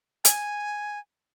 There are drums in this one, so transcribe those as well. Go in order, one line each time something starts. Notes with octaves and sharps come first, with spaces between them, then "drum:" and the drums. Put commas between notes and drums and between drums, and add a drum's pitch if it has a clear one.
G#5, drum: hi-hat